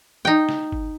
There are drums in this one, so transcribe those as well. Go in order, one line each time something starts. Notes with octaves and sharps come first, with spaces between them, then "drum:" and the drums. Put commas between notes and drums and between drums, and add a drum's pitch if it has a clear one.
D#4 G5
drum: snare
drum: kick G1